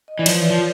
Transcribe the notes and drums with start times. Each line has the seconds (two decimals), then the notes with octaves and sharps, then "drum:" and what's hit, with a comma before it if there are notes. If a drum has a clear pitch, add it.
0.08 D#5
0.17 E3 D5
0.26 F3 B4 C#5, drum: cymbal
0.40 E3 D5
0.50 F3 C#5